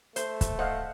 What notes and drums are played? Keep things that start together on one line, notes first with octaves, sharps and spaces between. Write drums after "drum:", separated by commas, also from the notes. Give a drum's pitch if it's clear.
A3 C5, drum: hi-hat
drum: kick, hi-hat
C5 D#5 F5 F#5